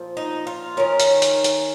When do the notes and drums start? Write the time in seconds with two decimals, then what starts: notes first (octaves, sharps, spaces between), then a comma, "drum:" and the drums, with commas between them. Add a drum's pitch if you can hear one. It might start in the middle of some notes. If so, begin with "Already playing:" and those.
Already playing: A#2 F3
0.17 D#4
0.47 F4
0.77 D#3 C#4 A#4
1.00 drum: hi-hat
1.22 drum: hi-hat
1.44 drum: hi-hat